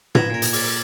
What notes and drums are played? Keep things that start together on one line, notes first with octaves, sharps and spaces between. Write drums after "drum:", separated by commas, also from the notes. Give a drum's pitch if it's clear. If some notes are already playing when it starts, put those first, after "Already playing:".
F3 B4 A#5 G#6 E7, drum: tom
A#2 A#4
drum: hi-hat
D6 A6, drum: open hi-hat